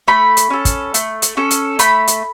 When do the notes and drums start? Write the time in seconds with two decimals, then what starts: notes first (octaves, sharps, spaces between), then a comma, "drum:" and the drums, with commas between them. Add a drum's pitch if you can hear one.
0.08 A3 B5
0.37 drum: hi-hat
0.50 C#4 A4
0.65 drum: kick, hi-hat
0.94 A3, drum: hi-hat
1.22 drum: hi-hat
1.37 C#4 A4
1.51 drum: hi-hat
1.79 A3 B5, drum: hi-hat
2.07 drum: hi-hat